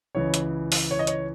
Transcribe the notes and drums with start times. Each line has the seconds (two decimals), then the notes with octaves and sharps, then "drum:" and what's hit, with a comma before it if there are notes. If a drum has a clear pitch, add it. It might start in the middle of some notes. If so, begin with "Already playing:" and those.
0.15 C#2 C#3 E3 C#5
0.34 drum: hi-hat
0.72 drum: open hi-hat
0.91 C#5
0.99 D#5
1.07 C#5, drum: hi-hat